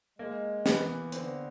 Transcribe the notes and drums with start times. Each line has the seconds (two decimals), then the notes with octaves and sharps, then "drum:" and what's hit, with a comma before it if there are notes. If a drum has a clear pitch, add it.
0.19 G#3 A#3
0.66 E3 B3, drum: snare
1.12 D3 C4, drum: hi-hat